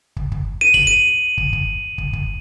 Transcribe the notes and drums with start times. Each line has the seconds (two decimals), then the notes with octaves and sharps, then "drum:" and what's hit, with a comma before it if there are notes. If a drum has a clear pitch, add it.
0.16 drum: kick
0.32 drum: kick
0.61 D#7
0.74 F#7, drum: kick
0.87 D#7
1.38 drum: kick
1.53 drum: kick
1.98 drum: kick
2.13 drum: kick